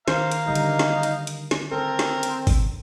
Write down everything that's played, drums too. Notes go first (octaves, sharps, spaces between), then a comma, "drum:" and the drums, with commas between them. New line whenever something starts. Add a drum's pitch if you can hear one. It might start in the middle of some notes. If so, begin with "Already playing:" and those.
D#3 C5 F5 A#5, drum: snare
drum: hi-hat
D3 G3 D#4 A#4
drum: hi-hat
drum: snare
drum: hi-hat
drum: hi-hat
drum: snare
C4 A4 A#4
drum: snare
drum: hi-hat
drum: kick G1, open hi-hat